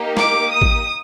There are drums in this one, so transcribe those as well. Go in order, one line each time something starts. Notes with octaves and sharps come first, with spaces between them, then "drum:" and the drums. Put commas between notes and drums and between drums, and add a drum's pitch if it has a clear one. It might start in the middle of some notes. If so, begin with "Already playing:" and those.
Already playing: A#3 D#4 G4
D6, drum: snare
D#6
drum: kick A1